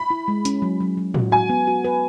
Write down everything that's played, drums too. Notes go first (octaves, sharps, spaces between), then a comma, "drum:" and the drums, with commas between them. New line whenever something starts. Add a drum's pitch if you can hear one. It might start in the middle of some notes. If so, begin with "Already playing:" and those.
Already playing: B5
E4
G#3
C#4, drum: hi-hat
F#3
F#3
F#3
F#4, drum: tom A2
F#4 G#5
B3
F#4
B4